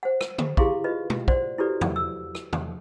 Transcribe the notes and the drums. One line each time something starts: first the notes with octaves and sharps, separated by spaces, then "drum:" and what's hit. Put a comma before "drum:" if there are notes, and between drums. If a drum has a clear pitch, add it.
C5 F#5
drum: rim click
drum: tom D3
E4 G4 G#4 F5 C6 C#6, drum: kick
F4 B4 D#5
drum: tom B2
C5 D5 F#5 C6, drum: kick
E4 F#4 G4 A4 B4 D5
drum: tom
E6
drum: rim click
drum: tom